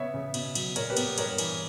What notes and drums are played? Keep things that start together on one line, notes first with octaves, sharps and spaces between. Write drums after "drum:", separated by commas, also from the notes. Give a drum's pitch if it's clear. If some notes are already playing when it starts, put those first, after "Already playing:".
Already playing: C#3 B3 C#5 E5
C#3
B2, drum: cymbal
F#3, drum: cymbal
A#2 A#4 C#5, drum: cymbal
G4 B4
B3, drum: cymbal
G2 A#4 C#5, drum: cymbal
E3, drum: cymbal